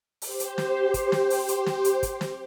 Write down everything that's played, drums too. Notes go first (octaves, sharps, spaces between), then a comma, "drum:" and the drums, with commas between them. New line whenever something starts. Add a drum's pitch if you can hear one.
G4 C5, drum: open hi-hat
drum: hi-hat
drum: snare
drum: kick, hi-hat
drum: snare
drum: open hi-hat
drum: hi-hat
drum: snare
drum: hi-hat
drum: kick, hi-hat
drum: snare